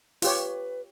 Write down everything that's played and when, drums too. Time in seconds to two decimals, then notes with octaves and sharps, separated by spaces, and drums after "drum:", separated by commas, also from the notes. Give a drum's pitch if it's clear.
0.22 F4 G4 B4 C#5, drum: open hi-hat